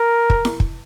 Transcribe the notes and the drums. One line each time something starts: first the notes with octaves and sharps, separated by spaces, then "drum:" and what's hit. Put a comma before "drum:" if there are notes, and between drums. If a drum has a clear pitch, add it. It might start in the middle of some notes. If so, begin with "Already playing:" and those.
Already playing: A#4
drum: kick
drum: snare E4
drum: kick